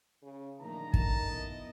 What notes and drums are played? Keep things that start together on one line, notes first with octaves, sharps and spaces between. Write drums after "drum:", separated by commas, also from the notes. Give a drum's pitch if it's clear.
C#3
A#2 D3 D#3 F3 A3 A#5
F#2 A5, drum: kick
B3 E4 D#5